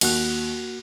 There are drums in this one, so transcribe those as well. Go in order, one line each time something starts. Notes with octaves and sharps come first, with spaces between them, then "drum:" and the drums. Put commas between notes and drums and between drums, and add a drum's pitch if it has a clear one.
D#2 A#3 F#4 F#6, drum: cymbal